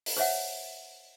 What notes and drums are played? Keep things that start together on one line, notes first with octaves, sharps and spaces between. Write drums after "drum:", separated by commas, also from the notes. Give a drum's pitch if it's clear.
drum: open hi-hat
C5 C#5 E5 F#5